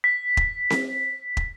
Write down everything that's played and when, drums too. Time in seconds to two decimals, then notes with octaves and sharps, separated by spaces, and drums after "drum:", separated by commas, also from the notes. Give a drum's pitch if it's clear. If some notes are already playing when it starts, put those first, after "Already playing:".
0.04 B6
0.37 drum: kick
0.70 drum: snare C4
1.37 drum: kick